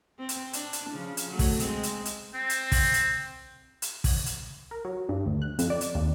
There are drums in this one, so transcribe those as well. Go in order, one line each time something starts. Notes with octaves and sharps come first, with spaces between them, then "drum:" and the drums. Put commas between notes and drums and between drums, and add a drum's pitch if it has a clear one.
C4
drum: hi-hat
D4, drum: hi-hat
drum: hi-hat
C#3 F3
drum: hi-hat
F#3 A3
drum: kick, open hi-hat
G#3 C4, drum: hi-hat
drum: hi-hat
drum: hi-hat
C4
drum: hi-hat
drum: kick, open hi-hat
drum: hi-hat
drum: hi-hat
drum: kick, open hi-hat
drum: hi-hat
A#4
F#3
G2
D2
F#6
F2, drum: hi-hat
D5
drum: hi-hat
D#2